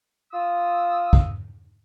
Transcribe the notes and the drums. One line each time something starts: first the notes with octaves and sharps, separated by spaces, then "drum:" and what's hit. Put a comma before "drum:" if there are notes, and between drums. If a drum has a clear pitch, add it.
F4 D#6 E6
drum: kick